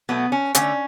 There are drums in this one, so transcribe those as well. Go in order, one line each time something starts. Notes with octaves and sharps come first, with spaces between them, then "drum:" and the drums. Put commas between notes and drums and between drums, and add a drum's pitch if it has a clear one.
B2 F#3 A3 B3
C#4
D3 A3 C#4, drum: hi-hat